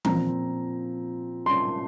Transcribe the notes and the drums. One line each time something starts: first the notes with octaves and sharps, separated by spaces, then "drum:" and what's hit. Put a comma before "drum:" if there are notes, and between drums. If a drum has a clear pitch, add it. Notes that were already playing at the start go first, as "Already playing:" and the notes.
A#2 F3 C4 A#5, drum: tom E3
C6